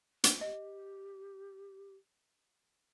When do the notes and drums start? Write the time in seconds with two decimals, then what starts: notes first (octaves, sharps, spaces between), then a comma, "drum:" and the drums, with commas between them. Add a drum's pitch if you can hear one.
0.24 drum: hi-hat
0.41 G4 D#5